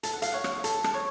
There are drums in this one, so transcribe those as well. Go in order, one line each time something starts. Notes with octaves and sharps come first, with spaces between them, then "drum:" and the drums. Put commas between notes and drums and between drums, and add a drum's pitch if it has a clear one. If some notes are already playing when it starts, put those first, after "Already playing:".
A4 A5, drum: hi-hat
F#5
F5, drum: hi-hat
C#5 F#5
drum: rim click
A4 A5, drum: hi-hat
A5, drum: rim click
C#5